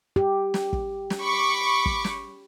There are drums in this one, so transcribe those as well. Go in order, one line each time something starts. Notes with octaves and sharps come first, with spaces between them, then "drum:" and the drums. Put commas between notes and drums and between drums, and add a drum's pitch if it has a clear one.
G4
drum: snare
drum: kick
drum: snare
B5 C#6 D6
drum: kick
drum: snare